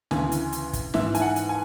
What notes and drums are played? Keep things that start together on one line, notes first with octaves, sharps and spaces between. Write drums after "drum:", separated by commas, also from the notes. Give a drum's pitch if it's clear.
D2 C#3 E3 G#5, drum: snare
drum: hi-hat
drum: hi-hat
drum: kick, hi-hat
G#2 E3 E5, drum: snare
G#5, drum: hi-hat
F#5
drum: hi-hat
G#5